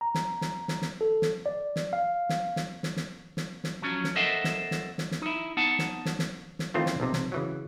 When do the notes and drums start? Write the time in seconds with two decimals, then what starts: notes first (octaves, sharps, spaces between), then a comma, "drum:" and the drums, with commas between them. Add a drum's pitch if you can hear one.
0.01 A#5
0.15 drum: snare
0.41 drum: snare
0.68 drum: snare
0.82 drum: snare
1.01 A4
1.22 drum: snare
1.46 D5
1.76 drum: snare
1.93 F5
2.29 drum: snare
2.56 drum: snare
2.83 drum: snare
2.97 drum: snare
3.37 drum: snare
3.64 drum: snare
3.82 F3 F#3 C#4
4.04 drum: snare
4.16 A4 A#4 C5 D#5 E5 F#5
4.44 drum: snare
4.71 drum: snare
4.98 drum: snare
5.11 drum: snare
5.22 D#4 E4
5.57 B3 D#4 F#5 A5
5.79 drum: snare
6.05 drum: snare
6.19 drum: snare
6.59 drum: snare
6.74 D#3 E3 A3 C4 F4
6.86 drum: snare
7.00 B1 C3
7.13 drum: snare
7.32 C#3 E3 F#3